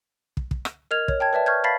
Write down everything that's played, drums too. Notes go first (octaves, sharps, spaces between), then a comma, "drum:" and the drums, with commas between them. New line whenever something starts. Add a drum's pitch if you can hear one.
drum: kick
drum: kick
drum: rim click
A#4 D#5 F6 G#6 F7
C#5, drum: kick
G5 A5 G#6
B4 D5 E5 A5
C#6 F6 G6 G#6
F5 A5 B5 A6 B6 C7